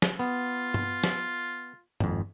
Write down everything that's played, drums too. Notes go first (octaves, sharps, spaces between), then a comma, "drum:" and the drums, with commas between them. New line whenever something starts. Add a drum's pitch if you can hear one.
drum: snare
B3 F4
drum: tom G2
drum: snare
G#1 F2, drum: tom G2